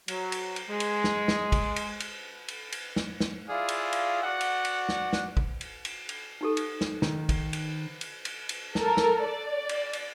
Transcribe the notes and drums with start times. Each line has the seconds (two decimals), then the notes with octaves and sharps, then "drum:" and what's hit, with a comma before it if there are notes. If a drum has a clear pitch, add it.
0.08 F#3, drum: cymbal
0.32 drum: cymbal
0.56 drum: cymbal
0.69 G#3
0.80 drum: cymbal
1.04 drum: snare
1.28 drum: snare
1.52 drum: kick, cymbal
1.76 drum: cymbal
2.00 drum: cymbal
2.48 drum: cymbal
2.72 drum: cymbal
2.96 drum: snare
3.20 drum: snare
3.48 E4 F4 G#4 D5 F5
3.69 drum: cymbal
3.93 drum: cymbal
4.23 F#4 D5 F#5
4.41 drum: cymbal
4.65 drum: cymbal
4.89 drum: snare
5.13 drum: snare
5.37 drum: kick
5.61 drum: cymbal
5.85 drum: cymbal
6.09 drum: cymbal
6.41 D#4 G4 A4
6.57 drum: cymbal
6.81 drum: snare
7.02 D#3, drum: snare
7.29 drum: kick, cymbal
7.53 drum: cymbal
8.01 drum: cymbal
8.25 drum: cymbal
8.49 drum: cymbal
8.75 A4 A#4, drum: snare
8.97 drum: snare
9.25 D5
9.69 drum: cymbal
9.93 drum: cymbal